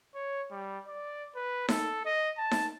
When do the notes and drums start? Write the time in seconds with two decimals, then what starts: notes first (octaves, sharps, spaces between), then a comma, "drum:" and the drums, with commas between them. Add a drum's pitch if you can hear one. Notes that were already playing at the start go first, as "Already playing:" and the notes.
0.15 C#5
0.51 G3
0.87 D5
1.35 B4
1.69 A4, drum: snare D#4
2.05 D#5
2.38 A5
2.51 drum: snare D#4